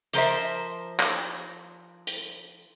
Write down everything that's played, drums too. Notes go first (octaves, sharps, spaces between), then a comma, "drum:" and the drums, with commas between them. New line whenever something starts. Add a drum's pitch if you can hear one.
F3 A#4 C5 E5, drum: hi-hat
drum: clap
drum: hi-hat